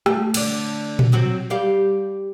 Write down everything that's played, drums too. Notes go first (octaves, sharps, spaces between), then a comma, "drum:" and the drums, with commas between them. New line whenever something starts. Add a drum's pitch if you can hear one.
A3, drum: rim click
D3 D4, drum: cymbal
drum: tom A#2
F#3 C4 F#4
G3 G4 F5